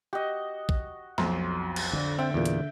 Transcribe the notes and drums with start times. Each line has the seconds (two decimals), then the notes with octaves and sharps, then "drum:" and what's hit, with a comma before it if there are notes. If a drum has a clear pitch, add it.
0.13 F#4 G4 D#5
0.69 drum: kick B1
1.18 B1 F2 C6, drum: snare A3
1.76 drum: cymbal
1.93 D3
2.18 C4 E5 G5
2.34 E2 A#2
2.46 drum: hi-hat